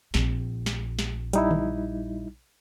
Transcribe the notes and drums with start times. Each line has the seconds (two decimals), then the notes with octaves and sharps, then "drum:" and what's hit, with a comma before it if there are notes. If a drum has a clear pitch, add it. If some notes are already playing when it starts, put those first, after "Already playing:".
0.14 A#1 C4, drum: snare
0.66 drum: snare
0.99 drum: snare
1.33 G3 D#4 E4, drum: hi-hat
1.51 drum: tom